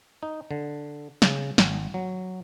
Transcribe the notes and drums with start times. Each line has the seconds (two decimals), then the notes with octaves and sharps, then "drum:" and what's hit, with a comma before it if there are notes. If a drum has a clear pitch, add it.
0.23 D#4
0.51 D3
1.22 C#3, drum: snare
1.58 G#1, drum: snare
1.94 F#3